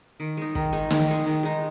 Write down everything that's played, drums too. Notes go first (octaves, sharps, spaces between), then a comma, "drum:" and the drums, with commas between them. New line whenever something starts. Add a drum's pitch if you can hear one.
D#3
G#3 D#4
D#3, drum: kick
G#3 D#4
D#3, drum: snare
G#3 D#4
D#3
G#3 D#4